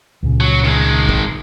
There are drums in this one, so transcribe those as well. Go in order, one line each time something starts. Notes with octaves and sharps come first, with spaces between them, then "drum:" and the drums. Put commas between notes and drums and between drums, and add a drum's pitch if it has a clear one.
C#2 A#2 C#3
F#3
D#3 G#3
drum: kick